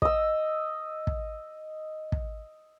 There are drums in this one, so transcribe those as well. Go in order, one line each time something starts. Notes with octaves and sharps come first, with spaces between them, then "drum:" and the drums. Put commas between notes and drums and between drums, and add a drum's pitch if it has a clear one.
D#5 E6, drum: kick
drum: kick
drum: kick